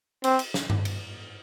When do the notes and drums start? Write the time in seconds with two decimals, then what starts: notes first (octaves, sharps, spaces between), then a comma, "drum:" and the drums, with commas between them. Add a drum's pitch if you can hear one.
0.24 C4, drum: cymbal
0.39 drum: cymbal
0.54 drum: snare
0.70 drum: tom G2
0.85 drum: cymbal